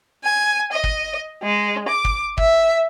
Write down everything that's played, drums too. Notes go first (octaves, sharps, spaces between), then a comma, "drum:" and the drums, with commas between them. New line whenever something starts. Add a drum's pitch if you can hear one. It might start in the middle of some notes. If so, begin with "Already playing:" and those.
G#5
D#5
drum: kick
G#3
D6
drum: kick
E5, drum: kick